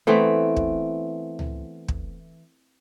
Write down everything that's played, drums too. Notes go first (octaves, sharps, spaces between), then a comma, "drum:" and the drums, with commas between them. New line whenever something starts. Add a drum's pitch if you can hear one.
E3 A3 B3 C4
drum: kick
drum: tom C#2
drum: kick